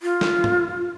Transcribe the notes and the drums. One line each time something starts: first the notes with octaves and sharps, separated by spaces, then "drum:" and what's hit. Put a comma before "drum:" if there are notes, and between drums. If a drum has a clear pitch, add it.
F4
drum: snare
drum: tom G#2